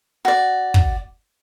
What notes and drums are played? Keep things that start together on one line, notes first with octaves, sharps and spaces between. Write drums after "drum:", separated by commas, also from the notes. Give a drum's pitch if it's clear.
F#4 D5
drum: kick